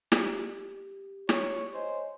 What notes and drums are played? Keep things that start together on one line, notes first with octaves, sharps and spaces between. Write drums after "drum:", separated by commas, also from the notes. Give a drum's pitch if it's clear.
G4, drum: snare
C#5, drum: snare
C5 C#5 D#5 G#5